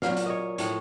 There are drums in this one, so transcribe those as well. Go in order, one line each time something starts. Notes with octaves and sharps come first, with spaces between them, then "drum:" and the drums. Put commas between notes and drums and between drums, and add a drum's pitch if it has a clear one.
A#2 F#3 F5, drum: snare
drum: hi-hat
C#5 D#5
A2 F3 C#5, drum: hi-hat